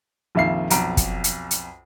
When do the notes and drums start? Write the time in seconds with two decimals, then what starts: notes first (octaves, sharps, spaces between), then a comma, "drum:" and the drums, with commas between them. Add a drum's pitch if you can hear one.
0.35 A#1 F2 D#3 E5 F5 C7
0.70 B1 F2 A#5 D7, drum: hi-hat
0.97 drum: kick, hi-hat
1.24 drum: hi-hat
1.51 drum: hi-hat